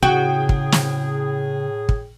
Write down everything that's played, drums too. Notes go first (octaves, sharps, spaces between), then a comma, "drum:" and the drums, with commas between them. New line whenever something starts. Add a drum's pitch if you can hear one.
A2 C#3 F#4 G#4 G5
drum: kick
drum: snare
drum: kick